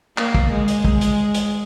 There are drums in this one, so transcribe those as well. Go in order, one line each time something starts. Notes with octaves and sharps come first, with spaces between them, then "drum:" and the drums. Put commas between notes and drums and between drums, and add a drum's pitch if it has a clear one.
A#3, drum: clap
drum: kick
G#3
drum: hi-hat
drum: kick
drum: hi-hat
drum: hi-hat